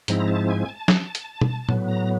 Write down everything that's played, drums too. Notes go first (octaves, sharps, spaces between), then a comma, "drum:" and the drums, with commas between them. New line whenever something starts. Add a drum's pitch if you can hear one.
G#2 F3 G#3 C4 E4 A#5, drum: hi-hat
A5
G#5
A5
drum: snare
drum: hi-hat
drum: tom B2
A2 F#3 B3, drum: tom
A#5